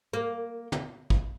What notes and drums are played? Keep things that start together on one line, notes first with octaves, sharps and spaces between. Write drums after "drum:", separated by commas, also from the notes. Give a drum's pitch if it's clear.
A#3
drum: tom
drum: kick